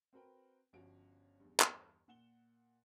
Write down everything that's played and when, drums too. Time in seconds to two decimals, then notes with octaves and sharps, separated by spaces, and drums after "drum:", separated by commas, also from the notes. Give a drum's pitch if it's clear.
0.13 C4 F#4 A#4 B4 G5
0.73 G1 F3 C#4 F#4 D7
1.40 E2 G2
1.60 drum: clap
2.08 A#2 F#5 E7 G7